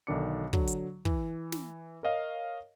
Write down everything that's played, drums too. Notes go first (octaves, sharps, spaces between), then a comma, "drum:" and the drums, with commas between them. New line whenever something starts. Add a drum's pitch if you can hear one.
B1 D3 D#3 D4 D6 C#7
D3 F#3, drum: kick
drum: hi-hat
E3, drum: kick
drum: snare
A#4 C#5 D#5 F5